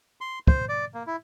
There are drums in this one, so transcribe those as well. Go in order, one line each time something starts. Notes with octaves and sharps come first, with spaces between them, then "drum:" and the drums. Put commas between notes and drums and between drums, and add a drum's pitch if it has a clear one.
C6
C5, drum: kick
D5
A#3
E4